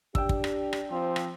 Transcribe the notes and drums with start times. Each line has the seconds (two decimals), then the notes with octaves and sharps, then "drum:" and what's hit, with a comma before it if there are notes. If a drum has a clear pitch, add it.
0.15 D4 G4 G5 E6, drum: kick
0.29 drum: kick
0.44 drum: rim click
0.73 drum: rim click
0.91 F3 C4
1.16 drum: rim click